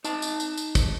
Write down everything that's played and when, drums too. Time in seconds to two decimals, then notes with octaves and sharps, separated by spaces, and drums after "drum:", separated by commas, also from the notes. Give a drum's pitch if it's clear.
0.04 D#4 A5, drum: tambourine
0.22 drum: tambourine
0.40 drum: tambourine
0.58 drum: tambourine
0.75 drum: kick, tambourine